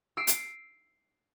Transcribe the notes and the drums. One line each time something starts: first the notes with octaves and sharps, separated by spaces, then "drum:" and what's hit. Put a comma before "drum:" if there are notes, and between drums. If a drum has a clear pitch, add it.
E6 C7 D7
drum: hi-hat